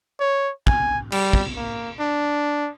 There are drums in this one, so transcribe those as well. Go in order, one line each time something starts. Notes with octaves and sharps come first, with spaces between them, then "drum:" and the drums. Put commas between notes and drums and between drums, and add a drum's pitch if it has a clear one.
C#5
G#5, drum: kick
G3, drum: cymbal
drum: kick
A#3
D4